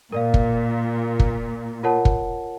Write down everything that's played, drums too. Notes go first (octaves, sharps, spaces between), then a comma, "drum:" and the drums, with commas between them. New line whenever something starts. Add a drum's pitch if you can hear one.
A#2 A#4 D5 F5
drum: kick
drum: kick
F4 A#4 C#5 F#5 A5
drum: kick